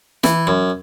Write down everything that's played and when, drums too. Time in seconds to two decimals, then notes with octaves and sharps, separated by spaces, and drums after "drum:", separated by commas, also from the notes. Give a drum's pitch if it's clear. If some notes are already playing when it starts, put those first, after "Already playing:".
0.24 E3, drum: snare
0.47 F#2